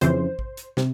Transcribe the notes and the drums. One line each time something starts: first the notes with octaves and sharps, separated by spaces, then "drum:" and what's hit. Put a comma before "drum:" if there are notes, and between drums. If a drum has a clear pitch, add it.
F2 C#3 E3 C5, drum: hi-hat
drum: kick A1
drum: hi-hat
C3, drum: snare